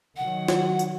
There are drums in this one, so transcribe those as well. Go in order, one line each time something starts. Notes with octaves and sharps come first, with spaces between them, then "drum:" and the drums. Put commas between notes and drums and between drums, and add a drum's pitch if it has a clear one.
D#3 F#3 F#5
F#4, drum: snare
drum: tambourine